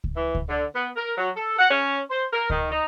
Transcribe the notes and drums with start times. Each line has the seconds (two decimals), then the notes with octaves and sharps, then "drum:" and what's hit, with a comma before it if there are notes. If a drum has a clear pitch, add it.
0.04 drum: kick C#2
0.15 E3
0.35 drum: kick C#2
0.48 D3
0.73 B3
0.96 A#4
1.17 F#3
1.36 A4
1.57 F#5
1.69 C#4
2.09 C5
2.32 A#4
2.50 D#3, drum: kick C#2
2.70 D#4